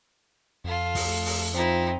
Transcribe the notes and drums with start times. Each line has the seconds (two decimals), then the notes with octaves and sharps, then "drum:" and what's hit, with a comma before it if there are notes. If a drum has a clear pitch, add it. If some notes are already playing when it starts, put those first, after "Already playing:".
0.64 F2 F4 A4
0.95 drum: kick, open hi-hat
1.06 A3
1.25 drum: open hi-hat
1.55 F3 C4 D#4 E4